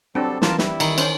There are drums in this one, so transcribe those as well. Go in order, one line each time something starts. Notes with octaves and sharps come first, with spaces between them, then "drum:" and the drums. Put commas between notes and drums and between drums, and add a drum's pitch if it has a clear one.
F#3 G3 C4 D4 A4
E3 F4 A#4 A5, drum: snare
G3 E4, drum: snare
D#3, drum: cymbal
C#4 C5, drum: cymbal